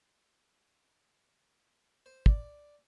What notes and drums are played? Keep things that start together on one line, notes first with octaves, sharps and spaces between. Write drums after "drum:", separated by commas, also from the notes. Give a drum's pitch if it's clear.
C5
D5, drum: kick